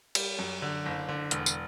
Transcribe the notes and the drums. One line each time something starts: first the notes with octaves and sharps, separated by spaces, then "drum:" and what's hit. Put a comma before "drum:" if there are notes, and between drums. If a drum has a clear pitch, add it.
G3, drum: cymbal
F#2
D3
F#1
D3
E1, drum: hi-hat
drum: tambourine